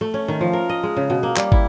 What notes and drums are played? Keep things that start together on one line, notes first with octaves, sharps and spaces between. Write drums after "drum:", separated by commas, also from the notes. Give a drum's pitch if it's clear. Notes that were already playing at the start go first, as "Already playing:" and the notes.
A3
C#4
D#3
F3
A#4
D#5
G#3
C#3
B2
A#3
G3, drum: clap
E4, drum: kick